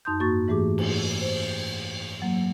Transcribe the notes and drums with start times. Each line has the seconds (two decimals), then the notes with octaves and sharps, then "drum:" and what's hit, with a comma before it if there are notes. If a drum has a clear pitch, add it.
0.05 F#2 D#4 A5 C6 D#6 G6
0.20 G#2 A#3 F#4 C#6 A6
0.48 G#2 E3 A3 G4 G#4 D6
0.78 drum: cymbal
1.21 C5
2.22 F#3 A#3